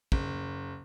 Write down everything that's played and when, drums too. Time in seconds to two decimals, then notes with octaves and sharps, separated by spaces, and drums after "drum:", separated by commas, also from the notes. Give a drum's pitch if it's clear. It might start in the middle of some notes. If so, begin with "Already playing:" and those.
0.12 F#1, drum: kick